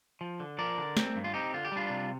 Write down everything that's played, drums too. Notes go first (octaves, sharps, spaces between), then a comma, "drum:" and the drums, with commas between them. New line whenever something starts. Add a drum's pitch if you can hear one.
F3
D3
F3 A#4 D5
D3
C4, drum: snare
G2
F4
C4 D#4 G4
D3 F4
G4
G3 D4 F4
C3